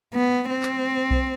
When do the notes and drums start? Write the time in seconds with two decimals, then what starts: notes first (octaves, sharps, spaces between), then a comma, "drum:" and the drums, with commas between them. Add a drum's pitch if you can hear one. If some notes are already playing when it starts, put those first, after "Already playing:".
0.14 B3
0.50 C4
0.62 drum: clap
1.11 drum: kick B1